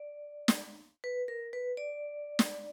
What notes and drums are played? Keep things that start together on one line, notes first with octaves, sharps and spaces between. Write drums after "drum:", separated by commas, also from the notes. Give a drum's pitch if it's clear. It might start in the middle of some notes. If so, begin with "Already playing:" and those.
Already playing: D5
drum: snare
B4
A#4
B4
D5
drum: snare